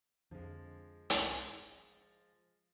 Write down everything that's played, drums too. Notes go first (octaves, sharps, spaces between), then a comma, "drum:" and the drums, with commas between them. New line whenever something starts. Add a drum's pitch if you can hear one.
F2 D3 F3 G#3
drum: hi-hat